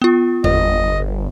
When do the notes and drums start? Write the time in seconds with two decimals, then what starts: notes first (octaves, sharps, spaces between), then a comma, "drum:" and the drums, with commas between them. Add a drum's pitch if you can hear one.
0.02 B3 F4
0.44 G1 D#5, drum: tom E2